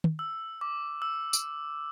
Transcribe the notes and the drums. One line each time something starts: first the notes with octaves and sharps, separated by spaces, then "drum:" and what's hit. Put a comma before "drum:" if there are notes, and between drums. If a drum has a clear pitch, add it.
drum: tom
E6
D6
E6
drum: tambourine